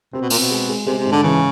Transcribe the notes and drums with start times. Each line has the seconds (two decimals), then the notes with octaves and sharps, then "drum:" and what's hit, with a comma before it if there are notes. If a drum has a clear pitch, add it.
0.13 C3 C4
0.21 B2
0.30 A#2 C4, drum: open hi-hat
0.39 B2
0.50 G#3
0.69 G#3
0.87 C3 G#3
0.99 C3
1.06 G#2
1.12 D3
1.23 C#3 E3